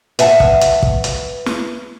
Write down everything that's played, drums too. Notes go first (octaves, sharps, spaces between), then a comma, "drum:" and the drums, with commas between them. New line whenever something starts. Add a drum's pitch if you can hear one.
B4 E5 F#5 A5, drum: hi-hat
drum: kick
drum: hi-hat
drum: kick
drum: hi-hat
drum: snare